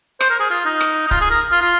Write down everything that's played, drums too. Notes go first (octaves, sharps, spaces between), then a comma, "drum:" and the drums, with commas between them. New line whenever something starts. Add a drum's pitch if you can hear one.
C5, drum: rim click
A#4
G#4
F4
D#4
drum: rim click
D#4
F4, drum: kick C#1
G#4
A#4
F4
F4